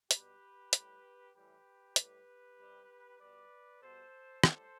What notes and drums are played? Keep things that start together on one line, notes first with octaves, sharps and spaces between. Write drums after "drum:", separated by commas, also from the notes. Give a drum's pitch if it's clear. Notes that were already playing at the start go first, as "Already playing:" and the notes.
B2 G3 G4 B4, drum: hi-hat
A2 G3, drum: hi-hat
A2 E3 G3 G4 B4
A2 G3 G4 B4, drum: hi-hat
C3 G3
B2 G3 B4 D5
B2 G3 A4 C5
A2 G3 A4 C5, drum: rim click